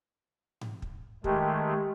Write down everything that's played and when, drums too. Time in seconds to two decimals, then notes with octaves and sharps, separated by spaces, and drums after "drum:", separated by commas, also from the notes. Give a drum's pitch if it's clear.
0.61 drum: tom G#2
0.82 drum: kick
1.24 D#3 G#3 A3 G4, drum: kick